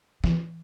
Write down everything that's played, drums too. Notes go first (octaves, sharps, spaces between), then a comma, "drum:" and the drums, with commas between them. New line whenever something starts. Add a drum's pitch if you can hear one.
E3, drum: snare